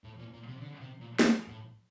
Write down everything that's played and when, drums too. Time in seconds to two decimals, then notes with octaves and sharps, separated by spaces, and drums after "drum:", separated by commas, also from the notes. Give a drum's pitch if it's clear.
0.04 A2
0.19 A#2
0.33 A#2
0.48 C3
0.62 D3
0.81 C3
1.00 A#2
1.19 G2, drum: snare
1.48 A2